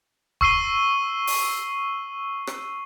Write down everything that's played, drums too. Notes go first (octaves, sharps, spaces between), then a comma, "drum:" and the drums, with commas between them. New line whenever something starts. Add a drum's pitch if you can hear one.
C#6 E6 C7 D#7 G7, drum: kick
drum: open hi-hat
drum: rim click